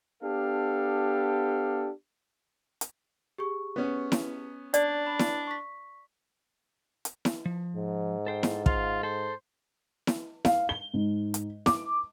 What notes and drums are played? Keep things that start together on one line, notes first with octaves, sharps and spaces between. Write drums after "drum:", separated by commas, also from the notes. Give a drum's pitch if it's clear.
B3 D4 G4 A4 F5
drum: hi-hat
G4 G#4 C#6
B3 C#4
drum: snare E4
D4 D5, drum: hi-hat
B5
drum: snare E4
C#6 B6
drum: hi-hat
drum: snare E4
F3
G#2
A4 C5 G5
drum: snare E4
F4 F5, drum: kick
A4 C5
drum: snare E4
F5, drum: snare E4
G7
G#2
drum: hi-hat
D6, drum: snare E4